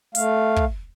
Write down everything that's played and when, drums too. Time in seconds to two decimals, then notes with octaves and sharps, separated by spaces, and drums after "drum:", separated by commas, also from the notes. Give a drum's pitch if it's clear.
0.15 A3 F5, drum: hi-hat
0.56 drum: kick